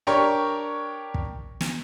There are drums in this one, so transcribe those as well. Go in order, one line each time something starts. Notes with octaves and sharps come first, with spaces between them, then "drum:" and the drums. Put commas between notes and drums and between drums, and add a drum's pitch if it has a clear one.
D4 G4 A#4 C#5 C#6
drum: kick
drum: snare